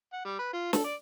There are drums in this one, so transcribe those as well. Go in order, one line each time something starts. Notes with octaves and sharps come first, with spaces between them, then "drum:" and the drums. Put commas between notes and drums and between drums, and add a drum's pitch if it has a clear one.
F#5
G3
B4
F4
A4, drum: snare
D5